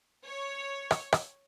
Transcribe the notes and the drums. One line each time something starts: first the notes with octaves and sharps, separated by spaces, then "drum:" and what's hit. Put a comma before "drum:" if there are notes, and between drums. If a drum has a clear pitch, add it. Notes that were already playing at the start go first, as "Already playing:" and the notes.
C#5
drum: rim click
drum: rim click